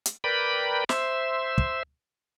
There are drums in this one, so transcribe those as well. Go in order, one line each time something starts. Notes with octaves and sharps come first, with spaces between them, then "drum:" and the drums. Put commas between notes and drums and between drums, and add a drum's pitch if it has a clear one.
drum: hi-hat
A#4 B4 D5 G5 B5
C5 E5, drum: snare
drum: kick